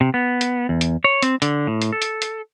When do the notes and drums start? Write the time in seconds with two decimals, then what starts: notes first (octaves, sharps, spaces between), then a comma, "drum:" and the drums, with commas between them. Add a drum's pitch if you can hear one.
0.01 C3
0.14 B3
0.41 drum: hi-hat
0.69 E2
0.81 drum: hi-hat
1.04 C#5
1.23 C4, drum: hi-hat
1.42 D3, drum: hi-hat
1.67 A2
1.82 drum: hi-hat
1.92 A4
2.02 drum: hi-hat
2.22 drum: hi-hat